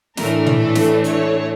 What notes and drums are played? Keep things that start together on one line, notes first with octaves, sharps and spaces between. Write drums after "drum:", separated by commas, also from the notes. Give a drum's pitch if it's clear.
A2 E3 A3 D4 A#4, drum: snare
drum: tom A#2
A4
drum: snare
C#5, drum: hi-hat